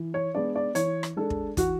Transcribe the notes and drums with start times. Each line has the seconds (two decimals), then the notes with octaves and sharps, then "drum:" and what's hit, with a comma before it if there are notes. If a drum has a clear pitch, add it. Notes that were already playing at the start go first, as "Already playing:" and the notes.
Already playing: E3
0.14 C#5
0.35 G#3 B3 D4 D5
0.56 D5
0.75 E3 C#5, drum: hi-hat
1.03 drum: rim click
1.17 G#3 D4 A4
1.30 drum: kick
1.57 E3 F#4, drum: kick, hi-hat